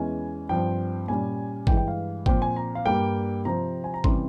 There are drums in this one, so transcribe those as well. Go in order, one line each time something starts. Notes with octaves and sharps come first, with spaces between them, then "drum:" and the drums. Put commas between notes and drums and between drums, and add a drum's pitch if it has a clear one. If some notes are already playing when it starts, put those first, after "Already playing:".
Already playing: E2 E3 G#3 C#4 G#5
G2 F3 C4 G5
A#2 G3 C#4 G#5
G2 E3 G#3 G5, drum: kick
G5
F5
A#2 F3 C4 G5, drum: kick
G#5
A#5
F5
G2 G3 A#3 G5
C3 F3 C4 A#5
G#5
A#5
C3 E3 G3 C#4 C6, drum: kick